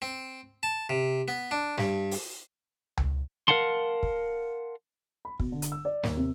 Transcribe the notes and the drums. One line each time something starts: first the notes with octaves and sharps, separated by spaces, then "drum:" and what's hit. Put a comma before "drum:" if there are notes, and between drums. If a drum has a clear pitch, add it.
C4
A5
C3
B3
D4
G2, drum: snare
drum: open hi-hat
drum: tom C#2
A#4 C5 F5 F#5 A5 C6
drum: kick
B5
B2, drum: kick
D3
drum: hi-hat
E6
D5
D#2, drum: snare
C3